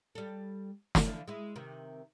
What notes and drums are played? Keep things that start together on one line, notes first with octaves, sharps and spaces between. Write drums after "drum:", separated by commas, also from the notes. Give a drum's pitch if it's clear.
G3 A4
drum: snare
D3 E3 F3
G#3 E4
C3 D#3